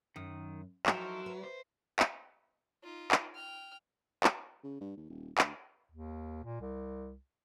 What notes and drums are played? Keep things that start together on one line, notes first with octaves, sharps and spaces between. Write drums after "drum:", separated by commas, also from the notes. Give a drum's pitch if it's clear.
F#2 D#3 D#6
F3 F#3 D#4 E4 A4 A#4 C5, drum: clap
B4
C5
drum: clap
D#4 F4
drum: clap
G5 F6
drum: clap
C#3
G2
D#2
D#1
D2, drum: clap
D#2
A#2
C2